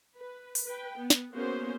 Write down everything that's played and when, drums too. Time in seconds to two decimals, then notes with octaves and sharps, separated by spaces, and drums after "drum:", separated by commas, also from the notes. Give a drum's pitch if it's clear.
0.17 B4
0.55 drum: open hi-hat
0.65 B4 G5
0.98 B3
1.10 drum: snare
1.32 A#3 B3 C#4 F#4 G#4 C5